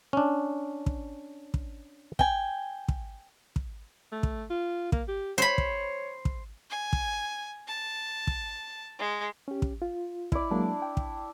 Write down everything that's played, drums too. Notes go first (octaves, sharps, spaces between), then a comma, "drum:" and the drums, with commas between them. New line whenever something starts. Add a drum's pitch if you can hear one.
C#4 D4
drum: kick
drum: kick
G5 G#5, drum: kick
drum: kick
drum: kick
A3
drum: kick
F4
A#3, drum: kick
G4
C5 C#5 B5
drum: kick
drum: kick
G#5
drum: kick
A5
drum: kick
G#3
C#4 G4
drum: kick
F4
E4 D5, drum: kick
F#3 G#3 A#3 D4
G5
drum: kick